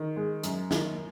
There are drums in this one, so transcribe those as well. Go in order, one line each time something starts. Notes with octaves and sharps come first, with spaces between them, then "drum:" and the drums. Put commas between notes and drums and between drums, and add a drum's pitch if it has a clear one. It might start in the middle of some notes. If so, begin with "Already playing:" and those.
Already playing: D#3
G#3
F#2, drum: hi-hat
D#3, drum: snare